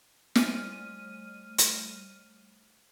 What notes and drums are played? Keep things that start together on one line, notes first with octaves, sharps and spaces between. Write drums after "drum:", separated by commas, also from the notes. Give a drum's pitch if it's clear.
G3 A3 F6 D#7, drum: snare
drum: hi-hat